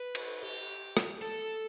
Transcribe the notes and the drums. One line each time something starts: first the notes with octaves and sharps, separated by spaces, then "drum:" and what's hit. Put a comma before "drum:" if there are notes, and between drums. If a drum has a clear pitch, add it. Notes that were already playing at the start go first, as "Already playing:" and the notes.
Already playing: B4
drum: cymbal
G4
drum: rim click
A4